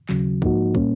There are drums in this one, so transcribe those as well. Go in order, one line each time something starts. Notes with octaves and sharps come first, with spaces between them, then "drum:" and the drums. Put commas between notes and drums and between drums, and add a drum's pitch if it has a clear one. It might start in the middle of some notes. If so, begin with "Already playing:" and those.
D#2 C#3 F#3, drum: clap
G#2 F3 A#3 D#4 F#4, drum: kick
A#2 G3 A#3 C#4, drum: kick